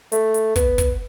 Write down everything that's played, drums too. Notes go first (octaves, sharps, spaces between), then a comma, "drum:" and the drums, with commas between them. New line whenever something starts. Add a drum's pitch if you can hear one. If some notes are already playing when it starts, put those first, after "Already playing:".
A3, drum: hi-hat
drum: hi-hat
B3, drum: kick, hi-hat
drum: kick, hi-hat